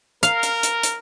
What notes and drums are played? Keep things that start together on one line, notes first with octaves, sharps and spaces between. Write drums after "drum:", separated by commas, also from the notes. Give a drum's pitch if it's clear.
A#4 F5, drum: hi-hat
drum: hi-hat
drum: hi-hat
drum: hi-hat